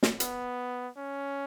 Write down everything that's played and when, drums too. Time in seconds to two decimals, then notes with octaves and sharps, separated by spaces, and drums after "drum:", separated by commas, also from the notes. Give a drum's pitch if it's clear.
0.03 drum: snare
0.20 B3, drum: hi-hat
0.96 C#4